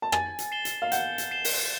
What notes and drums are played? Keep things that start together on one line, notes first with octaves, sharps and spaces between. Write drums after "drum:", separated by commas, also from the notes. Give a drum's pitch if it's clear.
A5
G#5 A6, drum: rim click
drum: hi-hat
C7 E7 G7
drum: hi-hat
F5
F#5 G6, drum: hi-hat
drum: hi-hat
C7 E7 G7
drum: open hi-hat